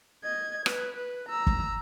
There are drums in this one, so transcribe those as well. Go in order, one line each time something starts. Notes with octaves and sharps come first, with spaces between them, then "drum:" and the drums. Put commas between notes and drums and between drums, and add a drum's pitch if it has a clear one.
D#5 G#6
B4, drum: rim click
B4
A#5 E6
drum: kick